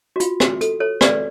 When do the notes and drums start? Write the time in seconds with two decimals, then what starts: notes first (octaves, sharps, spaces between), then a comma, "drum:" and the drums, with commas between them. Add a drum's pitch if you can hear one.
0.16 F#4
0.20 F4, drum: hi-hat
0.40 F#4, drum: rim click
0.61 A4, drum: hi-hat
0.80 A4 C#5
1.01 B4 D5, drum: rim click